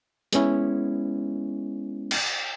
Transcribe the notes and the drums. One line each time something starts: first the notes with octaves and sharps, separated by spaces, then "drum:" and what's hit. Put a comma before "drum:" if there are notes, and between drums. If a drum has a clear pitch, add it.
G#3 B3 C#4 E4, drum: hi-hat
drum: cymbal